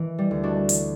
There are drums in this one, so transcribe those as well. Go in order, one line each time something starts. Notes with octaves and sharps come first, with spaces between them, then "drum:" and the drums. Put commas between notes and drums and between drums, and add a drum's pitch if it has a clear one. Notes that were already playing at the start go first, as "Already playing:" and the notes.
Already playing: E3
G3
D2
D4 F#4
drum: hi-hat